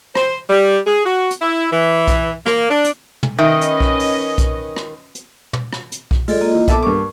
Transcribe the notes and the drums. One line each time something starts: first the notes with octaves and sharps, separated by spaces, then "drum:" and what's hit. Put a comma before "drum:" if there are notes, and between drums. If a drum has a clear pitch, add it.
C5, drum: rim click
G3
G#4
F#4
drum: hi-hat
E4
E3
drum: kick B1, hi-hat
A#3, drum: rim click
D4
drum: hi-hat
drum: tom
D#3 C#4 B4 D#5 E5
drum: hi-hat
drum: kick B1
drum: open hi-hat
drum: kick B1, hi-hat
drum: rim click
drum: hi-hat
drum: tom
drum: rim click
drum: hi-hat
drum: kick B1
G#3 F4 A4 D5, drum: open hi-hat
A#3 F4 D#5
E3
B3 A4 E5 A5 D6, drum: kick B1, hi-hat
G2 A#3 C#6 D6